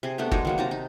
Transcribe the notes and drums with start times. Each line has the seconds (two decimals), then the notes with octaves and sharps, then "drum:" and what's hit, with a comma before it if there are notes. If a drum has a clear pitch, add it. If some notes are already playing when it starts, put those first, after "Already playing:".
0.03 C3 G#4
0.18 A3 B3 D4 G4
0.31 F#3 G#3 D#4, drum: kick
0.45 D#3 F#3 A#3
0.58 C3 D#4 A5 A#5
0.71 D#4